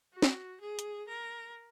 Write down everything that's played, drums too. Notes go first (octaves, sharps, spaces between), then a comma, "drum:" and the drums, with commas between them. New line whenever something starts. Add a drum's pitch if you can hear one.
F#4
drum: snare
G#4
drum: hi-hat
A#4